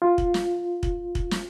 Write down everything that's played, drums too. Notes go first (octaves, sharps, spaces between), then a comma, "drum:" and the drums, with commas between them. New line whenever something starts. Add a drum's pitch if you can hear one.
F4
drum: kick
drum: snare
drum: kick
drum: kick
drum: snare